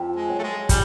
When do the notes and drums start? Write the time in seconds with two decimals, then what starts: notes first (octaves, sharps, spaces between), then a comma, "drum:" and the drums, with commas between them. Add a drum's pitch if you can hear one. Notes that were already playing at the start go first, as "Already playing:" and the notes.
Already playing: F2
0.16 G#3
0.30 F#3
0.39 A3
0.44 G#3
0.69 G3, drum: kick, hi-hat